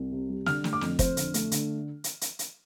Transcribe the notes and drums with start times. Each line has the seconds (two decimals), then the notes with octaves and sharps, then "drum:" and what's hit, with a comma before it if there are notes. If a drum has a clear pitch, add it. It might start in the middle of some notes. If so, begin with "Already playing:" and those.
Already playing: C2
0.12 C3
0.29 G3
0.46 D3 F6, drum: snare
0.64 A3, drum: snare
0.73 D6
0.81 F2, drum: snare
0.99 F2 C5, drum: kick, hi-hat
1.17 D3, drum: hi-hat
1.34 A3, drum: hi-hat
1.52 D3, drum: hi-hat
2.04 drum: hi-hat
2.21 drum: hi-hat
2.39 drum: hi-hat